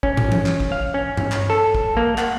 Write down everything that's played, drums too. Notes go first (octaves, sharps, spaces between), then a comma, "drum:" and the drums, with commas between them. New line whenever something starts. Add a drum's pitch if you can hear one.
C#4, drum: kick
drum: tom
drum: tom E3
drum: clap
drum: kick
F5
C#4
drum: tom G2
drum: clap
A4
drum: kick
A#3
F#5, drum: clap